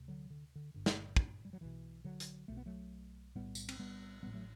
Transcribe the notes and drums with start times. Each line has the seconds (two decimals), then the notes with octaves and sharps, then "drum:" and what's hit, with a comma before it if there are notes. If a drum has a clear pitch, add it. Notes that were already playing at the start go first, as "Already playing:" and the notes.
Already playing: D2 C3
0.08 D3 F#3
0.30 D3
0.56 D3
0.74 G1 G2 D3
0.86 drum: snare
1.16 drum: kick
1.45 G3
1.53 F#3
1.61 B1 B2 E3
2.04 D3 F#3
2.20 drum: hi-hat
2.48 B1 B2 A3
2.57 B3
2.66 F#3 A3
3.35 B1 A2 G3 B3
3.55 drum: tambourine
3.69 C4, drum: cymbal
3.79 G3 B3
4.23 A1 A2 G3 B3
4.34 F#3 A3